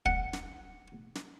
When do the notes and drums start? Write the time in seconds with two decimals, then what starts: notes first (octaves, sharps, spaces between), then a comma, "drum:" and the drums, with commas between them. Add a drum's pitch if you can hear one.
0.06 F#5, drum: kick
0.33 drum: snare
1.15 drum: snare